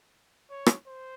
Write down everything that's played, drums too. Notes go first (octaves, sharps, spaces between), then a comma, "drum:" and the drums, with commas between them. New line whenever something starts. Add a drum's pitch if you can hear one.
C#5
drum: rim click
C5